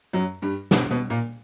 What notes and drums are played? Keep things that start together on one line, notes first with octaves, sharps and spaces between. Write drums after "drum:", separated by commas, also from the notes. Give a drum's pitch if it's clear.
F#2 F#3
G2 G3
B2 B3, drum: snare
B2 B3
A#2 A#3